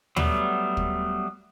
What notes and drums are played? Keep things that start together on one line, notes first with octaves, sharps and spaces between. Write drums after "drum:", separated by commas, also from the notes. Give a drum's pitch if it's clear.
F#3 G3 A3 B3, drum: tom
drum: kick